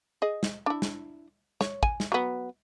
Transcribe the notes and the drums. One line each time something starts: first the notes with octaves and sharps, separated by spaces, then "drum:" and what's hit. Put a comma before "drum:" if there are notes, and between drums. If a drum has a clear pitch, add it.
G#4 D#5
drum: snare
D4 E4
drum: snare
C#5, drum: snare
G#5, drum: kick
drum: snare
F#3 B3